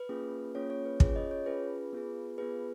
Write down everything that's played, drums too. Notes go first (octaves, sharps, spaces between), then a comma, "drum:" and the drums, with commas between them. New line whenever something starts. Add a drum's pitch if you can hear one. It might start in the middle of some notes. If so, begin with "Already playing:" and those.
Already playing: B4
A#3 C#4 F4 G#4
A#3 C#4 F4 G#4 C#5
C#5
B4
C#4 F4 G#4 C#5, drum: kick
D#5
C#5
C#4 F4 G#4 B4
B3 F4 G#4
B3 F4 G#4 B4